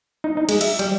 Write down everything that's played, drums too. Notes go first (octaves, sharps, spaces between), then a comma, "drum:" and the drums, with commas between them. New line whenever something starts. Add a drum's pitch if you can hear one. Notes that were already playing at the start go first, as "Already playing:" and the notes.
D#4
D#4
G#3, drum: cymbal
E5, drum: cymbal
G3, drum: cymbal